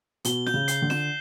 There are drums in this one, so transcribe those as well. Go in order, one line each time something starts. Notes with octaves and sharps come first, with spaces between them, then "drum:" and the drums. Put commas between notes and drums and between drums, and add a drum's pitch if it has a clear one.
B2 G7, drum: hi-hat
G6, drum: snare
C#3
C7, drum: hi-hat
D3
E7, drum: snare